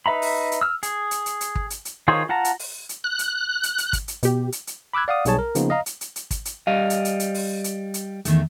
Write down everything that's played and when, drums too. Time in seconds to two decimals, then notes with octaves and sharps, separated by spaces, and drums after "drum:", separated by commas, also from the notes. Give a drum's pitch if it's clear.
0.06 D#4 B4 E5 A#5 B5
0.22 drum: open hi-hat
0.52 drum: hi-hat
0.61 E6 F6
0.83 G#4, drum: hi-hat
1.11 drum: hi-hat
1.26 drum: hi-hat
1.41 drum: hi-hat
1.55 drum: kick
1.70 drum: hi-hat
1.85 drum: hi-hat
2.08 D#3 F4 G#4 C5 C#5
2.29 F4 F#5 A5 A#5
2.45 drum: hi-hat
2.59 drum: open hi-hat
2.89 drum: hi-hat
3.04 F#6
3.19 drum: hi-hat
3.63 drum: hi-hat
3.78 drum: hi-hat
3.93 drum: kick, hi-hat
4.08 drum: hi-hat
4.23 B2 G4, drum: hi-hat
4.52 drum: hi-hat
4.67 drum: hi-hat
4.93 B5 D6 E6 F#6 G#6
5.08 D5 F5 F#5 D#6
5.25 B1 G3 G#4 C#5 A5, drum: hi-hat
5.39 A#4
5.55 C#3 F3 A#3 B3 D#4, drum: hi-hat
5.70 D#5 F5 A#5
5.86 drum: hi-hat
6.01 drum: hi-hat
6.16 drum: hi-hat
6.31 drum: kick, hi-hat
6.45 drum: hi-hat
6.67 G3 D#5 F5
6.90 drum: hi-hat
7.05 drum: hi-hat
7.20 drum: hi-hat
7.34 drum: open hi-hat
7.64 drum: hi-hat
7.94 drum: hi-hat
8.25 E2 D#3 A3, drum: hi-hat